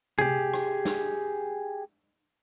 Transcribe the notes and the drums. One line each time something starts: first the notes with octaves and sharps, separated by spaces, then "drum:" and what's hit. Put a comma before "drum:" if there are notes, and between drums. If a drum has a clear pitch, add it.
G4 G#4, drum: tom C3
drum: rim click
drum: snare